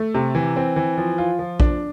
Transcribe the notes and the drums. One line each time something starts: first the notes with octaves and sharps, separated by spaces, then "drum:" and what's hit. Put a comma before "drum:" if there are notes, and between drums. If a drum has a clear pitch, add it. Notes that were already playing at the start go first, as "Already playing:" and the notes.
Already playing: A3
C3
E3
C4
E3
F3
F4
F3
D4, drum: kick A#1